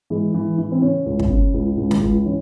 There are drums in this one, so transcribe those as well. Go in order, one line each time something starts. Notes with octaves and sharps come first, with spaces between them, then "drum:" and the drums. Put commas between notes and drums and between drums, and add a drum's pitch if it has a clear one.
E3 G#3
E3
E3
C4
C#3 C#4
C#2
drum: kick
C#3
C#2
C#2
drum: snare
C#2
E3 C#4